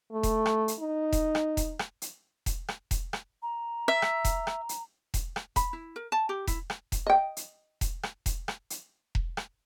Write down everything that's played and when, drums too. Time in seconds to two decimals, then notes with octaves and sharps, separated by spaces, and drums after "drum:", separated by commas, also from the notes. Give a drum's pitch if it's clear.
0.13 A3
0.23 drum: kick E1, hi-hat
0.46 drum: rim click
0.68 drum: hi-hat
0.80 D#4
1.12 drum: kick E1, hi-hat
1.35 drum: rim click
1.57 drum: kick E1, hi-hat
1.79 drum: rim click
2.02 drum: hi-hat
2.46 drum: kick E1, hi-hat
2.68 drum: rim click
2.91 drum: kick E1, hi-hat
3.13 drum: rim click
3.43 A#5
3.88 E5
4.02 drum: rim click
4.25 drum: kick E1, hi-hat
4.47 drum: rim click
4.69 drum: hi-hat
5.14 drum: kick E1, hi-hat
5.36 drum: rim click
5.56 B5, drum: kick E1, hi-hat
5.73 E4
5.96 A#4
6.12 A5
6.29 G4
6.47 E4, drum: kick E1, hi-hat
6.70 drum: rim click
6.92 drum: kick E1, hi-hat
7.07 D#5 G5
7.37 drum: hi-hat
7.81 drum: kick E1, hi-hat
8.03 drum: rim click
8.26 drum: kick E1, hi-hat
8.48 drum: rim click
8.70 drum: hi-hat
9.15 drum: kick E1
9.37 drum: rim click